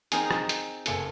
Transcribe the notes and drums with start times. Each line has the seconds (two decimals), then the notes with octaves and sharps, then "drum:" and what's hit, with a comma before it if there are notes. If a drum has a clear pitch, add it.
0.12 C4 D#4 G#4 A#4 D#5 G#5, drum: hi-hat
0.31 drum: rim click
0.49 drum: hi-hat
0.86 F#1 A4 G#5 C6 C#7, drum: hi-hat